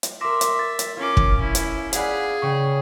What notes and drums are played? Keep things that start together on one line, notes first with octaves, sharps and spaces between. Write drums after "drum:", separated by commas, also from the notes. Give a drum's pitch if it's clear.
drum: hi-hat
A#4 E5 C6 D6 A#6 E7
drum: hi-hat
A6
drum: hi-hat
C#4 F4 A#4 D6
drum: kick
C#4 E4
drum: hi-hat
G#4 D5 F5 F#5 G#5 B5, drum: hi-hat
C#3 G5 C#6